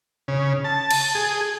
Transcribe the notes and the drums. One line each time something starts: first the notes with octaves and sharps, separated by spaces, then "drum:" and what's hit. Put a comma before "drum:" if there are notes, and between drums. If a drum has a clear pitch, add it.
C#3
A5
drum: cymbal
G#4